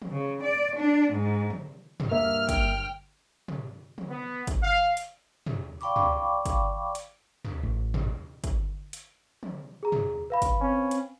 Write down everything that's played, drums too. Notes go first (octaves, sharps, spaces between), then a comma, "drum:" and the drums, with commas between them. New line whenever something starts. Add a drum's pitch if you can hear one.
drum: tom
C#3
D5
D4
G#2
drum: tom
drum: tom
G2 A#3 E5 F6
G5, drum: kick, hi-hat
drum: tom
drum: tom
B3
drum: kick, hi-hat
F5
drum: hi-hat
drum: tom
D5 F5 G5 B5 C#6 D6
drum: tom
drum: kick, hi-hat
drum: hi-hat
drum: tom
A1
drum: tom
drum: kick, hi-hat
drum: hi-hat
drum: tom
G#4 A#5
drum: tom
B4 F5 B5
drum: kick, hi-hat
C4 C#4
drum: hi-hat